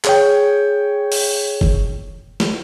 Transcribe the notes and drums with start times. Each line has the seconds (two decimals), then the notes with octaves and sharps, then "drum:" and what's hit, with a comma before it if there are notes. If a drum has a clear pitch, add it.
0.04 G#4 C#5 G5, drum: clap
1.12 drum: open hi-hat
1.61 drum: kick F#1
2.40 drum: snare A3